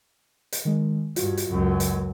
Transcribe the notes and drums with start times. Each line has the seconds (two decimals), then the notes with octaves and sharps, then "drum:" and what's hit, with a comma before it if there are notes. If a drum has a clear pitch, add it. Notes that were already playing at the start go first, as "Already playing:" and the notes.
0.52 drum: hi-hat
0.65 D#3 G#3
1.16 G2 F4 F#4, drum: hi-hat
1.37 drum: hi-hat
1.50 C#2 F#2
1.80 drum: hi-hat